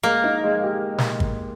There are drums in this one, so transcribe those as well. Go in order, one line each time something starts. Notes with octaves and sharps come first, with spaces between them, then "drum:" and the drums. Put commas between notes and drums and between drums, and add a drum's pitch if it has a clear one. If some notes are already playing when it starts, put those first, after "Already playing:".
G#3 A#3
D#4
G#3
G4
drum: snare
drum: kick